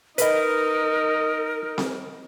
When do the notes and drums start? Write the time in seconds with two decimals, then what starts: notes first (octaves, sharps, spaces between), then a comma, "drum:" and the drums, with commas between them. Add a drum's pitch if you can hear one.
0.18 D#4 A#4 B4 D#5, drum: hi-hat
1.78 drum: snare C4